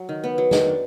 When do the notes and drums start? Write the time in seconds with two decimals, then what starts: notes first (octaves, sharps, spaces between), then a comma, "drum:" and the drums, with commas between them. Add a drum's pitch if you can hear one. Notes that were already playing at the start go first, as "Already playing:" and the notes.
Already playing: F#3
0.09 D#3
0.24 B3
0.38 F#3
0.51 D#3, drum: snare
0.66 D4